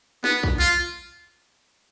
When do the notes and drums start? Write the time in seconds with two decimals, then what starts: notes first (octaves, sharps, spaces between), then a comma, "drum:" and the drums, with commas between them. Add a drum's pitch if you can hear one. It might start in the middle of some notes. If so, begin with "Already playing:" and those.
0.24 B3, drum: snare
0.43 drum: kick A#1
0.59 F4